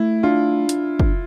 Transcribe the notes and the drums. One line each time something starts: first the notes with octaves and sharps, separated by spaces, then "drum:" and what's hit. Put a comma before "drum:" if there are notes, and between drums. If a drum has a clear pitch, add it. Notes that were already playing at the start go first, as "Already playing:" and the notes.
Already playing: A3 E4
D4 F4
drum: hi-hat
drum: kick